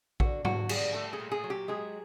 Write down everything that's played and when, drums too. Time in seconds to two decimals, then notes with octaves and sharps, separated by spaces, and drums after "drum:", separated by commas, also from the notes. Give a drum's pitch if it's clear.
0.20 D3 F#4, drum: kick A#1
0.45 D3 F#4, drum: tom G#2
0.69 G3 G#4, drum: cymbal
0.94 A3 A4
1.13 G#4
1.19 A#2
1.32 G#4
1.44 F#3
1.50 G4
1.68 G#3 G#4